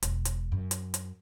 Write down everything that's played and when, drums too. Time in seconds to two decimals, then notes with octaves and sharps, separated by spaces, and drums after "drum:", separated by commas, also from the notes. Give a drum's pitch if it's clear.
0.03 E1, drum: hi-hat
0.25 drum: hi-hat
0.52 F#2
0.71 drum: hi-hat
0.94 drum: hi-hat